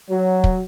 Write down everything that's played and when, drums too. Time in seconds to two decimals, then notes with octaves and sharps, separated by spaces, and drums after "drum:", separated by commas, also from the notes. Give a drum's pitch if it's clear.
0.11 F#3
0.44 drum: kick